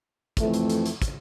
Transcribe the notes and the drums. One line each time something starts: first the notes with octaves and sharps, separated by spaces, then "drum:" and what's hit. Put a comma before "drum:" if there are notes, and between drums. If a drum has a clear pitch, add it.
F2 E3 A3 C4, drum: kick, hi-hat
drum: hi-hat
drum: hi-hat
drum: hi-hat
drum: kick, hi-hat